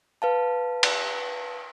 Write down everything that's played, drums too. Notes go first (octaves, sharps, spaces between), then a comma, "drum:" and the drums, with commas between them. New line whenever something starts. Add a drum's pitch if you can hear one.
B4 F5 A5
drum: cymbal